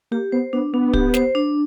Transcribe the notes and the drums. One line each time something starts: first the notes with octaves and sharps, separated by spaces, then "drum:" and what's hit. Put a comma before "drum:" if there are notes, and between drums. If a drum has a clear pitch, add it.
A#3 G4
B3 C5
B3 D4
B3 D4
G4, drum: kick
C5, drum: snare
D4